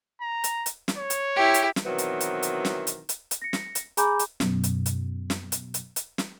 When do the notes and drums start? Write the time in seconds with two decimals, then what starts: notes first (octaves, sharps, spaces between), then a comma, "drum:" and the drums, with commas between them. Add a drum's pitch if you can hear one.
0.21 A#5
0.44 drum: hi-hat
0.66 drum: hi-hat
0.88 drum: snare
0.97 C#5
1.10 drum: hi-hat
1.36 E4 G4
1.54 drum: hi-hat
1.76 drum: snare
1.85 B2 D#3 E3 F#3 B3 C4
1.98 drum: hi-hat
2.20 drum: hi-hat
2.43 drum: hi-hat
2.65 drum: snare
2.87 drum: hi-hat
3.09 drum: hi-hat
3.31 drum: hi-hat
3.42 A#6 C#7
3.53 drum: snare
3.75 drum: hi-hat
3.97 G#4 G#5 A#5 B5 D6 G6, drum: hi-hat
4.19 drum: hi-hat
4.40 F#2 B2, drum: snare
4.63 drum: hi-hat
4.86 drum: hi-hat
5.30 drum: snare
5.52 drum: hi-hat
5.74 drum: hi-hat
5.96 drum: hi-hat
6.18 drum: snare